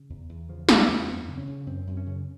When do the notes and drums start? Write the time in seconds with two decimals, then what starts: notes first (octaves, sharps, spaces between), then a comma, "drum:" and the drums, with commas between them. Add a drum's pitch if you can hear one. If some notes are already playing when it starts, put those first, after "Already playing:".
Already playing: C#3
0.10 E2
0.29 E2
0.49 C#3 F3
0.69 C#3, drum: snare
0.79 B3
0.88 E2
1.08 F#2 C4
1.28 C#3
1.37 C#4
1.47 C#3
1.67 F#2 C4
1.87 F#2
1.97 C#4
2.06 C#3